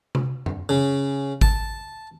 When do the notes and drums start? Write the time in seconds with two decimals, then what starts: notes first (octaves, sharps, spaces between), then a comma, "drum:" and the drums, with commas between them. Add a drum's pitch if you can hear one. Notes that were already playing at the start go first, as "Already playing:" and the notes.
0.15 drum: tom C3
0.46 drum: tom F#2
0.69 C#3
1.41 A5, drum: kick